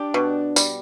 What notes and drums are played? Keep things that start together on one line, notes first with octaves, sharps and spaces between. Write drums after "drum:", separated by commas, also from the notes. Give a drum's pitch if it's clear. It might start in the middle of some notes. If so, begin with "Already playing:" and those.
Already playing: D4 G4
B2
G3, drum: tambourine